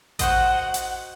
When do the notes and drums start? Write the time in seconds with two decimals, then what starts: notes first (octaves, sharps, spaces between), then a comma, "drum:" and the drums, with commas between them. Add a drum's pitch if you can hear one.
0.19 F#4 C5 D#5 F#5, drum: kick A1, hi-hat
0.74 drum: hi-hat